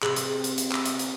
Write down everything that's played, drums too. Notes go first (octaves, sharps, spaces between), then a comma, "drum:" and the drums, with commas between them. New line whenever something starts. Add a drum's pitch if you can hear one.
C3 G#4, drum: clap
drum: hi-hat
drum: hi-hat
drum: hi-hat
drum: clap
drum: hi-hat
drum: hi-hat